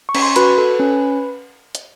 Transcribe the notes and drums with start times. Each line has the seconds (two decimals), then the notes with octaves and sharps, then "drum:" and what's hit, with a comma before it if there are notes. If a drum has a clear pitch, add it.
0.09 C#6
0.15 C#4, drum: cymbal
0.22 C6
0.36 F#4 B4 B5, drum: hi-hat
0.58 A4
0.80 C#4
1.75 drum: hi-hat